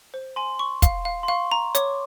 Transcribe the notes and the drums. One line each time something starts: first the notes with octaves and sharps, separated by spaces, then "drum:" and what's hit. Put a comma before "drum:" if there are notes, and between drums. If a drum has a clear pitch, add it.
C5
G#5 C6
C#6
F5, drum: kick, hi-hat
F5
C6
F5 C#6
A#5
C#5 D6, drum: hi-hat